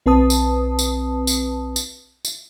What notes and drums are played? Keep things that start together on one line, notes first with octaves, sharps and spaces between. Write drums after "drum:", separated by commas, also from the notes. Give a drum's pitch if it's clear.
B1 C4 B4 A5 D#6
drum: tambourine
drum: tambourine
drum: tambourine
drum: tambourine
drum: tambourine